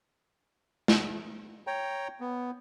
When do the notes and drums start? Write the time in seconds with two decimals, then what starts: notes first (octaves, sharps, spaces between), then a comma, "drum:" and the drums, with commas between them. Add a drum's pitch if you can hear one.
0.88 drum: snare
1.67 C#5 G5 A#5
2.20 B3